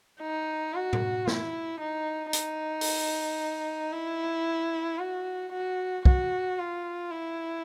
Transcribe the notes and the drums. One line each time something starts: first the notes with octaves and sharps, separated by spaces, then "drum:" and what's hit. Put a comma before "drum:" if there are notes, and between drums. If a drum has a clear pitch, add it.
D#4
F#4
drum: tom A2
E4, drum: snare
D#4
D#4, drum: hi-hat
drum: open hi-hat
E4
F#4
F#4
F#4, drum: kick
F4
E4